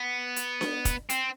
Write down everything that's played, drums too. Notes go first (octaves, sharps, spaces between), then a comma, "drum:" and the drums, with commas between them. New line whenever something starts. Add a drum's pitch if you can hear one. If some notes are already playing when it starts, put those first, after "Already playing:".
Already playing: B3
drum: hi-hat
drum: snare D4
drum: kick, hi-hat
C4, drum: hi-hat